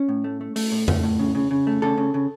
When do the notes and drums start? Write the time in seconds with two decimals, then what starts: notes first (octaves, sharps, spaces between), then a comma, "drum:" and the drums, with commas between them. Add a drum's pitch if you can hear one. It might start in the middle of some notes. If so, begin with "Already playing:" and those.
Already playing: C#4
0.09 A2
0.24 A3
0.41 A3
0.56 A3, drum: open hi-hat
0.72 A2
0.88 A3, drum: tom F2
1.03 A2
1.19 C#3
1.35 C#3
1.51 C#3
1.67 A3
1.82 C#3 A4
1.98 C#3
2.14 C#3